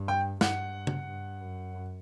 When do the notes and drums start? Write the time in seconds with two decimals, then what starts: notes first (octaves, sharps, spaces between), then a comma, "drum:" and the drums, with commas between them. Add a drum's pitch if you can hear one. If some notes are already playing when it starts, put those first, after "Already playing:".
Already playing: G2
0.08 G5
0.41 G2 F#5, drum: snare
0.87 drum: tom C#3
1.08 G2
1.41 F#2